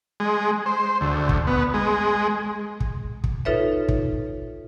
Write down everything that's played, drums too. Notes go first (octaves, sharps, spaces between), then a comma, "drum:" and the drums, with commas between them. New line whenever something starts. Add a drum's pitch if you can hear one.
G#3
C5
D2
drum: kick
B3
G#3
drum: kick
drum: kick
D#4 F4 A4 B4 C#5 E5
drum: kick